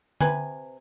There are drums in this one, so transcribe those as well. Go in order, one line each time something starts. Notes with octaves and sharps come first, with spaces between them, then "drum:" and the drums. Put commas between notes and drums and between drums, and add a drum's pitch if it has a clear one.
C3 B4 G#5, drum: tom D3